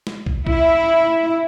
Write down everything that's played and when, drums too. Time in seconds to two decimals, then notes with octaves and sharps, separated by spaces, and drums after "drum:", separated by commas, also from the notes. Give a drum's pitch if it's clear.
0.07 drum: snare
0.26 drum: kick
0.47 E4, drum: kick